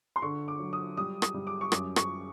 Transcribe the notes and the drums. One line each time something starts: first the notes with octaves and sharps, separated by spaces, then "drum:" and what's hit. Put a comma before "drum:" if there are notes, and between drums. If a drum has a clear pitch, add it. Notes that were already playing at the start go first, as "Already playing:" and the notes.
C6
D3 C#6
D6
F#3
D#6
G3 D#6
D#6, drum: rim click
G3
D6
C#6
F#2 D6, drum: rim click
C#6, drum: rim click